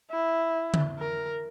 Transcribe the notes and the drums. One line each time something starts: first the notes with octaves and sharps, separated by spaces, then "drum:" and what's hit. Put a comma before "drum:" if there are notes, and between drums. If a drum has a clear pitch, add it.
E4
drum: tom D3
A#4